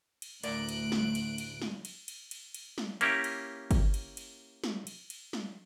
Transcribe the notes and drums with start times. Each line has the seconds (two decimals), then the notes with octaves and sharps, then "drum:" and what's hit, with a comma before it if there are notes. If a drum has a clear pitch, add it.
0.22 drum: cymbal
0.44 D2 A2 A#4 D5 F#6 D7, drum: cymbal
0.69 drum: cymbal
0.92 drum: snare
1.15 drum: cymbal
1.38 drum: cymbal
1.62 drum: snare
1.85 drum: cymbal
2.08 drum: cymbal
2.31 drum: cymbal
2.54 drum: cymbal
2.78 drum: snare
3.01 A#3 C#4 E4 G4, drum: cymbal
3.24 drum: cymbal
3.71 drum: kick G1, cymbal
3.94 drum: cymbal
4.17 drum: cymbal
4.64 drum: snare
4.87 drum: cymbal
5.10 drum: cymbal
5.33 drum: snare